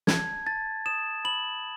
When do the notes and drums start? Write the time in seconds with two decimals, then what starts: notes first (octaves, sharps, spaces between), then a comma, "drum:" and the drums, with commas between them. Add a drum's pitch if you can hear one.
0.07 A5 G#6, drum: snare
0.47 A5 A6
0.86 D#6 E7
1.25 B5 F#7